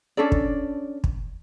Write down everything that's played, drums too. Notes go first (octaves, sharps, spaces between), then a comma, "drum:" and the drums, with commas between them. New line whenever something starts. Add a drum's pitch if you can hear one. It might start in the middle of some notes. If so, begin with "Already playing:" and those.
C#4 D4 A4 D5
drum: kick
drum: kick